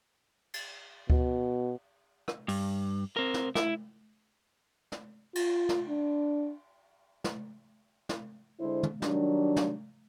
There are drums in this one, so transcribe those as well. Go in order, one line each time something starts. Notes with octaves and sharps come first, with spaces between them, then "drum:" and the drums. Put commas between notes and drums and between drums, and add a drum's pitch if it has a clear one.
drum: cymbal
B2, drum: kick D2
drum: rim click
G2, drum: open hi-hat
C4 A#4
drum: snare
E4, drum: snare
drum: snare
F4, drum: cymbal
drum: snare
D4
drum: snare
drum: snare
D3 G#3 E4 C5
drum: tom
D#3 F#3 G3 D4, drum: snare
drum: snare